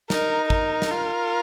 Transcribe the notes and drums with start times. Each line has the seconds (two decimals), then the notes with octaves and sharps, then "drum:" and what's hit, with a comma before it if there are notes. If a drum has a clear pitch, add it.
0.10 D#4 A#4, drum: snare
0.50 A#4, drum: kick
0.82 drum: snare
0.91 F4